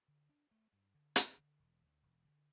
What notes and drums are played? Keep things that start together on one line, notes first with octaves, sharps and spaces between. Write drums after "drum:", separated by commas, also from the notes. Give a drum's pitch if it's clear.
D3
D4
A3
G2
D3
E1, drum: hi-hat
D3
E1
D2
E1
D3